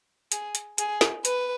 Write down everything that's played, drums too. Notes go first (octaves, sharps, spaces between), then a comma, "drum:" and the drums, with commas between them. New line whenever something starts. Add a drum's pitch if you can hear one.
G#4, drum: hi-hat
drum: hi-hat
G#4, drum: hi-hat
drum: snare
B4, drum: hi-hat